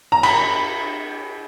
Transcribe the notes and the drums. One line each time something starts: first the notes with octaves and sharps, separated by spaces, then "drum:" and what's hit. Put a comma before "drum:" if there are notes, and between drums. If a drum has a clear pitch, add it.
A#5
B5, drum: cymbal